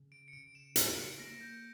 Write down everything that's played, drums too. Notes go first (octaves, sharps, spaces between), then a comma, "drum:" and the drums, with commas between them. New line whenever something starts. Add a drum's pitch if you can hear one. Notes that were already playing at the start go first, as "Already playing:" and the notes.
Already playing: C#3
D7
C#7
C#3 D7
E7
C#3 D7, drum: hi-hat
C#7
A#3 A#6
G6